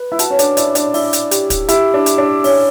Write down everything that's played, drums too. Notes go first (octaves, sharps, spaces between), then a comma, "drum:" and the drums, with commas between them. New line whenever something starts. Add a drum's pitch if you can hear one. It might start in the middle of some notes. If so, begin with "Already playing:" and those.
Already playing: B4
E4
F#4 A5, drum: hi-hat
C#4
D4, drum: hi-hat
E4 D5, drum: hi-hat
D4, drum: hi-hat
E4 D5, drum: open hi-hat
drum: hi-hat
G4, drum: hi-hat
drum: kick, hi-hat
E4 G4, drum: hi-hat
D4
E5, drum: hi-hat
D4
C#4 E5, drum: open hi-hat